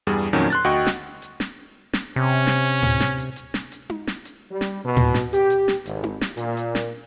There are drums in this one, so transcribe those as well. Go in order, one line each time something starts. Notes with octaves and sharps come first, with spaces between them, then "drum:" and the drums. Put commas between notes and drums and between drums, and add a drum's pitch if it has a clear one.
E2 G2 G3 G#4
F2 A#2 D#3 F#3 C#4
C6 F#6 A6, drum: hi-hat
D2 F#4 D#5 G5 C#6
drum: snare
drum: hi-hat
drum: snare
drum: snare
C3 C#4
drum: hi-hat
drum: snare
drum: hi-hat
drum: tom A2
drum: snare
drum: hi-hat
drum: hi-hat
drum: snare
drum: hi-hat
drum: tom D#4
drum: snare
drum: hi-hat
G3
drum: snare
B2
drum: tom A2
drum: snare
G4, drum: hi-hat
drum: hi-hat
drum: snare
G#1, drum: hi-hat
drum: tom D#4
drum: snare
A#2, drum: hi-hat
drum: hi-hat
drum: snare